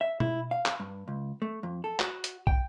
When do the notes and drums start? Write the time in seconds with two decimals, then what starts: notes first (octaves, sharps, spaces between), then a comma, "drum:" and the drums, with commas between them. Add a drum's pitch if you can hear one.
0.01 E5
0.20 E4, drum: tom B2
0.51 F5
0.66 drum: clap
0.80 G2
1.08 C#2
1.42 A3
1.63 F2
1.84 A4
2.00 F#4, drum: clap
2.24 drum: hi-hat
2.47 G5, drum: kick